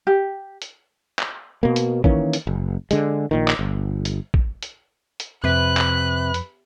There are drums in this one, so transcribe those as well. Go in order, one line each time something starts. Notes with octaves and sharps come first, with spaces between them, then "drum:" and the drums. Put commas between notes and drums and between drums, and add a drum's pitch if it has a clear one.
G4
drum: hi-hat
drum: clap
B2 A#3
drum: hi-hat
D#3 E3 A#3 C#4, drum: kick
drum: hi-hat
F#1
D3 G#3, drum: hi-hat
A#1 A#2 D#3
drum: clap
G1
drum: hi-hat
drum: kick
drum: hi-hat
drum: hi-hat
F2 C3 B4 F#6
drum: clap
drum: hi-hat